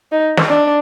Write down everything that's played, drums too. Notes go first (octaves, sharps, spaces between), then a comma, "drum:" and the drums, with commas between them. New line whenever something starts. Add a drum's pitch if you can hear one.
D#4
drum: snare
D4